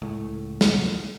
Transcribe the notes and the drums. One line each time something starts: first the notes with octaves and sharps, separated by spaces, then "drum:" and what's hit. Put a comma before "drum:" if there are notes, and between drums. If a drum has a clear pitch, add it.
C#2 A2
drum: snare